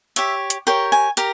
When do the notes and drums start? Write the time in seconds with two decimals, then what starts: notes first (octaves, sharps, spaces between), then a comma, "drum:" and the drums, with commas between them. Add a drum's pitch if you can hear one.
0.16 G4 C#5 E5, drum: hi-hat
0.50 drum: hi-hat
0.67 G4 A#4 C#5 G5
0.92 G#5
1.17 G4 A#4 A#5, drum: hi-hat